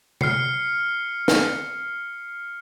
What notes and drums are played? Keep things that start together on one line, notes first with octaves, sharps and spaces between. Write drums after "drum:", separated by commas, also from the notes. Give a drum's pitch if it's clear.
F6 C7 C#7, drum: tom C3
drum: snare